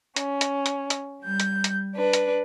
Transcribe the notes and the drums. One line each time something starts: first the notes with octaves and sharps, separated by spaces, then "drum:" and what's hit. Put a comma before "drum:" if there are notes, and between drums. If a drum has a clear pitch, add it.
C#4, drum: hi-hat
drum: hi-hat
drum: hi-hat
drum: hi-hat
G3 G6
drum: hi-hat
drum: hi-hat
D4 B4
drum: hi-hat